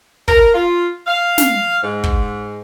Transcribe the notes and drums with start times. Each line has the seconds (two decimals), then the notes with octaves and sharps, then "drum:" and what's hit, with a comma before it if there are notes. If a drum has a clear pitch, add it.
0.28 A#4, drum: kick
0.54 F4
1.07 F5
1.38 drum: snare
1.83 G#2
2.04 drum: kick